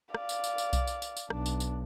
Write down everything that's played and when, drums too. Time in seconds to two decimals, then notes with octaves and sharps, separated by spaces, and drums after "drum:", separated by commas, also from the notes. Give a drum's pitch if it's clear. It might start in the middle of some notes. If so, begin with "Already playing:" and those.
0.14 D5 F5, drum: rim click
0.29 drum: tambourine
0.44 drum: tambourine
0.58 drum: tambourine
0.73 drum: kick B1, tambourine
0.87 drum: tambourine
1.02 drum: tambourine
1.17 drum: tambourine
1.30 B1 D4, drum: rim click
1.46 drum: tambourine
1.60 drum: tambourine